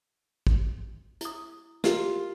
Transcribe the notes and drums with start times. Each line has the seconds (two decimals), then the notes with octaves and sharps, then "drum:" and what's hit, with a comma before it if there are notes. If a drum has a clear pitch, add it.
0.47 drum: kick
1.21 E4 D#6, drum: hi-hat
1.84 E4 F4 G4 A#4, drum: snare